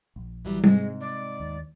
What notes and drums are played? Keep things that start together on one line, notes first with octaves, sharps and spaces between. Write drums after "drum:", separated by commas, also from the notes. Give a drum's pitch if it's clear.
A#1
E3 F#3 G3
E2 G#2 C3 G#3, drum: tom
D5
D#2